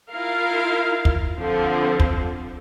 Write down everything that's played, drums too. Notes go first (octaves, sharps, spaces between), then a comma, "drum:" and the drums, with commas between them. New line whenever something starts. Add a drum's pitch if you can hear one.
E4 F4 A#4 F5
drum: kick
D3 F3 C4
drum: kick